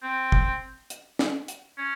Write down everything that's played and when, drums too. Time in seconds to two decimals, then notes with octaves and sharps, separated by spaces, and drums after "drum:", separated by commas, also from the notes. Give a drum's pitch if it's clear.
0.03 C4
0.32 drum: kick
0.90 drum: hi-hat
1.19 drum: snare
1.48 drum: hi-hat
1.78 C#4